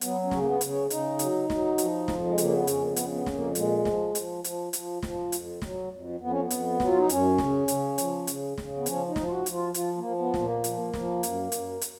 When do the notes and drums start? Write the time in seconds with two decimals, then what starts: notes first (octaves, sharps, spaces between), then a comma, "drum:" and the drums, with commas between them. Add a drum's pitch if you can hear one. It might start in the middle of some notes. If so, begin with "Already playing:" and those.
0.01 F#3 B3, drum: hi-hat
0.24 C#4
0.31 C#3, drum: snare
0.41 A#3
0.46 B3
0.61 C#3, drum: hi-hat
0.68 C#4
0.90 C#3 D#4, drum: hi-hat
1.19 F#3, drum: hi-hat
1.50 F#3, drum: snare
1.78 F3, drum: hi-hat
2.08 F2, drum: snare
2.26 G#3
2.38 C#3 A#3, drum: hi-hat
2.53 B3
2.67 F2 C#4, drum: hi-hat
2.80 A#3
2.90 B3
2.96 C#3, drum: hi-hat
3.12 B3
3.26 F2, drum: snare
3.33 A#3
3.55 A#2 G#3, drum: hi-hat
3.85 F3, drum: snare
4.15 F3, drum: hi-hat
4.44 F3, drum: hi-hat
4.73 F3, drum: hi-hat
5.03 F3, drum: snare
5.32 F2, drum: hi-hat
5.62 F#3, drum: snare
5.92 F2
6.20 F2 B3
6.31 C#4
6.41 B3
6.50 F2, drum: hi-hat
6.80 F#3, drum: snare
6.86 F4
6.97 D#4
7.09 F#2 C#4, drum: hi-hat
7.38 C#3, drum: snare
7.68 C#3, drum: hi-hat
7.98 F3, drum: hi-hat
8.27 C#3, drum: hi-hat
8.58 C#3, drum: snare
8.77 B3
8.86 F3 C#4, drum: hi-hat
9.08 D#4
9.16 F3, drum: snare
9.26 F4
9.30 F#4
9.46 F3, drum: hi-hat
9.53 F4
9.74 F3 F4, drum: hi-hat
9.97 A#3
10.04 F3
10.19 B3
10.34 A#2, drum: snare
10.42 A#3
10.64 F3, drum: hi-hat
10.94 F3, drum: snare
11.23 F#2, drum: hi-hat
11.52 F#2, drum: hi-hat
11.81 drum: hi-hat